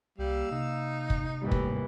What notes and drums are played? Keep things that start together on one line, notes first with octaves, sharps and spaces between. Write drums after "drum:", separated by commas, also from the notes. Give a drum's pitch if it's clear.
C2 G3 A#3 F5 E6
C3 D#4
drum: kick
G#1 D#2 A2 D#3 E3 G3
drum: kick